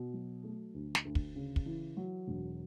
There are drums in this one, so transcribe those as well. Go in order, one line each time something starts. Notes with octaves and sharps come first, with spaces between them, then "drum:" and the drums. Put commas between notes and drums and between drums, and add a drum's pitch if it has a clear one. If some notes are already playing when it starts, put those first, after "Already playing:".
Already playing: B2
F#3
A3
D2
drum: snare
D2
drum: kick
C#3
drum: kick
E3
F#3
E1